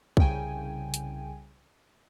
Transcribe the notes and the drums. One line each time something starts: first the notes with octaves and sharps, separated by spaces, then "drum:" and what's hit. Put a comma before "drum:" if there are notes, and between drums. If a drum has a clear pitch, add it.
C2 C#3 G5 G#5, drum: kick
drum: hi-hat